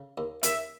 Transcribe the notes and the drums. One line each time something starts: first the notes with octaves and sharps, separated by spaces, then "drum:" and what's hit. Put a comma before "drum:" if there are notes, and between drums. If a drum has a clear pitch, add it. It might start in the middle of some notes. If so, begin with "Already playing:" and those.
Already playing: C#3
D#2
D#2 E5, drum: hi-hat